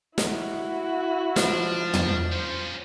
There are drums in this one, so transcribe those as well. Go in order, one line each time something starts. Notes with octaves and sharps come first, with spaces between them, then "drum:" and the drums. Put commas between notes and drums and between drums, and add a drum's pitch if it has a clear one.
E4 F#4, drum: snare
F3 D4, drum: snare
drum: tom
F3 C#4 C5